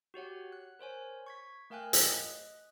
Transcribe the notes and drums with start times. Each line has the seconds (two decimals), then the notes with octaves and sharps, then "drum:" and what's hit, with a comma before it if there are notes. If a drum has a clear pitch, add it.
0.14 F#4 G4 C#5 F#5
0.52 F#6
0.79 A#4 C5 C#5 G#5
1.26 C#6 G#6 B6
1.70 A3 A#4 F5 G5 G#5 F#6
1.93 drum: hi-hat
2.03 D#5 D#6 F#6